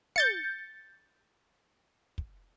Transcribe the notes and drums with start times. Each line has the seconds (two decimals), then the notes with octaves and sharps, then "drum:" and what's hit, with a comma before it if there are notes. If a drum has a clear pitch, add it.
0.16 G6 A6 C#7, drum: tom
2.18 drum: kick